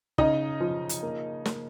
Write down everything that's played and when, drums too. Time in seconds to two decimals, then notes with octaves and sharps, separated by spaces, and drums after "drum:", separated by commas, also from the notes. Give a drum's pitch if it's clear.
0.18 C#3 D#4 D#5, drum: kick
0.60 F3
0.89 drum: hi-hat
1.03 A#3
1.45 A#3, drum: snare